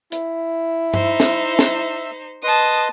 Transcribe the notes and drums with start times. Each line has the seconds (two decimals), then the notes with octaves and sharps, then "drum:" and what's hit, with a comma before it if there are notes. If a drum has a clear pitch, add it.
0.12 E4, drum: hi-hat
0.94 D#4 C5 E5, drum: tom G2
1.20 drum: snare
1.59 drum: snare
2.43 B4 D#5 A5 C6 D#6